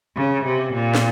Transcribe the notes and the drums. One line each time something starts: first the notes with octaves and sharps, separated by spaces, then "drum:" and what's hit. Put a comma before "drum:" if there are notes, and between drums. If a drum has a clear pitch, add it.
C#3
C3
A#2
drum: snare